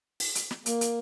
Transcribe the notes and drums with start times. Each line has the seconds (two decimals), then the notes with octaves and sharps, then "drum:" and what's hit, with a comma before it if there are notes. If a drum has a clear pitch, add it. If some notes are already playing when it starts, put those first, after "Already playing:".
0.20 drum: open hi-hat
0.35 drum: hi-hat
0.51 drum: snare
0.66 A#3, drum: hi-hat
0.81 drum: hi-hat